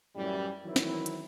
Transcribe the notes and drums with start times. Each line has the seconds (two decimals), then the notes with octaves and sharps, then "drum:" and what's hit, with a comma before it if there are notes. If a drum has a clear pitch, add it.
0.16 F#2 A2 E3 G3
0.65 D#3 E3 F#3 C4 E4
0.76 drum: snare
1.06 drum: hi-hat